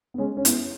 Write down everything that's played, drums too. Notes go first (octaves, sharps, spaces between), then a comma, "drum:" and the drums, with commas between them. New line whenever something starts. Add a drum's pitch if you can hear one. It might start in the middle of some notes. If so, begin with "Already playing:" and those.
B3
G#3 C#4
C#4
B3 E4, drum: hi-hat